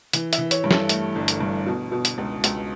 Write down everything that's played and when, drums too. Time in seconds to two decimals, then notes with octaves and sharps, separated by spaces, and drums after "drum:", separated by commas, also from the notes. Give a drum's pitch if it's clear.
0.13 E3, drum: hi-hat
0.33 E5, drum: hi-hat
0.38 E3
0.51 C#5, drum: hi-hat
0.64 G2
0.71 A4, drum: snare
0.89 A3, drum: hi-hat
1.15 G1
1.28 drum: hi-hat
1.41 G2
1.66 B2
1.92 B2
2.05 drum: hi-hat
2.18 C#2
2.44 C#2, drum: hi-hat